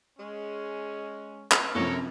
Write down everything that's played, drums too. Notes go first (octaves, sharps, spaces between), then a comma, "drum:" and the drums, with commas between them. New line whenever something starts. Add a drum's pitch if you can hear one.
G#3 C#4
drum: clap
F#2 C3 F3 A4 A#4 C#5